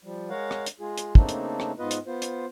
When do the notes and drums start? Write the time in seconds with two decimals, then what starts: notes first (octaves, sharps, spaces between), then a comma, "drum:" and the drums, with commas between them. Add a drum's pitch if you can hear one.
0.04 F3 G3
0.30 G#3 A#4 C#5 F5 F#5
0.51 drum: rim click
0.66 drum: hi-hat
0.80 G#3 F4 G#4
0.98 drum: hi-hat
1.15 C#3 A3 A#3 C4 D4 D#4, drum: kick
1.29 drum: hi-hat
1.60 drum: rim click
1.79 G#2 B3 F4 B4 D#5
1.91 drum: hi-hat
2.06 B3 F4 C5
2.22 drum: hi-hat